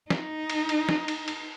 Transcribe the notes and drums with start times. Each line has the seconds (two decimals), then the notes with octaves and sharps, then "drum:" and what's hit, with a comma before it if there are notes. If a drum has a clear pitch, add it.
0.10 D#4, drum: snare
0.50 drum: cymbal
0.69 drum: cymbal
0.89 drum: snare
1.08 drum: cymbal
1.28 drum: cymbal